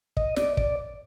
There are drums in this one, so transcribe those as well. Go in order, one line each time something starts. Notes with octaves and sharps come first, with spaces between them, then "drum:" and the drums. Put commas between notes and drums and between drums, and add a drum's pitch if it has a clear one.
D#5, drum: kick
D5, drum: snare
D5, drum: kick